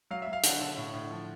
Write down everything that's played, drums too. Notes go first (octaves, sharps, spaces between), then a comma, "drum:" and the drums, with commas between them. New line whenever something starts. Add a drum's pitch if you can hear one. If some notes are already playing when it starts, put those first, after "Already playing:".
F#3 F5
E5
F#3
F5
D3 F#5, drum: hi-hat
D3
A2
A2
F3